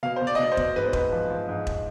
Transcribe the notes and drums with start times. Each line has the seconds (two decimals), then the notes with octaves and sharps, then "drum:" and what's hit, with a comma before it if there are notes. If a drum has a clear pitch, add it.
0.03 B2 F5
0.16 B2 C5
0.27 D5
0.35 D#5
0.39 B2
0.44 D5
0.52 C5
0.57 B2, drum: kick E1
0.76 G#2 B4
0.85 C5
0.93 G#2 B4, drum: kick E1
1.12 F3
1.30 F3
1.49 G#2
1.67 drum: kick E1